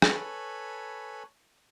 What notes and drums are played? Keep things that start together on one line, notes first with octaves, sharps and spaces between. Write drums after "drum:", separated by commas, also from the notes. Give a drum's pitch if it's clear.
A4 B4 C#5 G#5 B5, drum: rim click